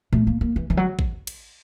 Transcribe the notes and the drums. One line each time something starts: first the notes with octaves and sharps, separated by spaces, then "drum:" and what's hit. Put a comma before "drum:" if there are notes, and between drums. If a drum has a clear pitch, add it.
A3, drum: tom A2
A#3
A#3
E3
E3, drum: tom D3
F#3
drum: kick
drum: cymbal